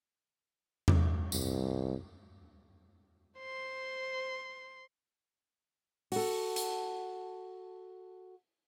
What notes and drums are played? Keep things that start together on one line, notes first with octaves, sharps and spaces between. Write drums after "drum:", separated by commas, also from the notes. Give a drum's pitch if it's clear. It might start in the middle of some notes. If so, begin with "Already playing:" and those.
drum: tom E2
C2, drum: tambourine
C5 C6
F#4 A4, drum: open hi-hat
drum: hi-hat